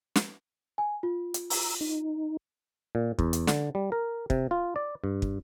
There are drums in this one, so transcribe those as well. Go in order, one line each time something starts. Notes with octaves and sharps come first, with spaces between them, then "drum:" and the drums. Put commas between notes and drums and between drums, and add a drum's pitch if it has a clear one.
drum: snare
G#5
F4
drum: hi-hat
A#5 E6, drum: open hi-hat
D#4
A#2
E2, drum: kick
drum: hi-hat
D3, drum: snare
G3
A#4
C3, drum: kick
F4
D5
G2
drum: kick